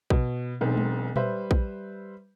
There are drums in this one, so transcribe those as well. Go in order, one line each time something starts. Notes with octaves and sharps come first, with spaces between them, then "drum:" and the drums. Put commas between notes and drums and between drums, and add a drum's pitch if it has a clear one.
B2, drum: kick A#1
E1 B1 C4
drum: tom
G3 B4 C5 E5, drum: tom A#2
drum: kick A#1